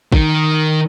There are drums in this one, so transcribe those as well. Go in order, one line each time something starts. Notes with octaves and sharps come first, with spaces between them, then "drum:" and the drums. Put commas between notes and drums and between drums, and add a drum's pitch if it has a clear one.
D#3, drum: kick